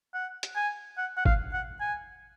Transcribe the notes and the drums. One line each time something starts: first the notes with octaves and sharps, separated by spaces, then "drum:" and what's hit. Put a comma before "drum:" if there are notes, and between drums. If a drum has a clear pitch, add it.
F#5
drum: hi-hat
G#5
F#5
F#5
F5, drum: kick
F#5
G#5